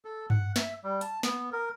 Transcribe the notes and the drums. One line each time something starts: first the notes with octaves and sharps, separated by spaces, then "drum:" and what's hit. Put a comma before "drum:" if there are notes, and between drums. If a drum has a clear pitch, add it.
A4
F#5, drum: tom G2
E5, drum: snare
G3
A5, drum: hi-hat
B3, drum: snare
A#4